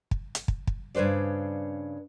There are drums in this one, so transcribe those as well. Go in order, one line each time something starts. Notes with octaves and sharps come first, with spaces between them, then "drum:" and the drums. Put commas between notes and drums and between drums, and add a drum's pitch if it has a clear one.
drum: kick
drum: hi-hat
drum: kick
drum: kick
G2 C#3 B4 C5 D5